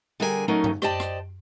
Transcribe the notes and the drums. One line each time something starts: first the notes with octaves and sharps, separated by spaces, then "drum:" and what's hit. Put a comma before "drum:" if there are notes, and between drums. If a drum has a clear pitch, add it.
D3 G3 G#4 A#4 C#5 G#5
F#3 A3 C#4 D#4 A#4
drum: tom F#2
G4 C5 D5 D#5 G5 A5, drum: rim click
drum: rim click